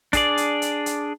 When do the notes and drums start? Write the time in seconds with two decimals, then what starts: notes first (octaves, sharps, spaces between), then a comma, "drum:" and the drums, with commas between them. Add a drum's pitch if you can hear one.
0.13 D4 G#4 D5, drum: kick, hi-hat
0.37 drum: hi-hat
0.62 drum: hi-hat
0.86 drum: hi-hat